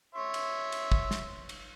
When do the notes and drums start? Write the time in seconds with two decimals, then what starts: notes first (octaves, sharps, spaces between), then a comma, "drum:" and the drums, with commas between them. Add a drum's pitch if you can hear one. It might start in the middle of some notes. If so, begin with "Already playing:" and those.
0.15 C#5 E5 C6
0.34 drum: cymbal
0.72 drum: cymbal
0.92 drum: kick
1.11 drum: snare
1.49 drum: cymbal